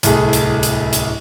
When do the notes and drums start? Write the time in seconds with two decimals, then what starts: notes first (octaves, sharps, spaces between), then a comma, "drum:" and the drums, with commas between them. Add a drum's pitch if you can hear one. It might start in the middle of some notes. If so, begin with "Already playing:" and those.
0.03 D1 C2 A3 G#4, drum: hi-hat
0.33 drum: hi-hat
0.63 drum: hi-hat
0.93 drum: hi-hat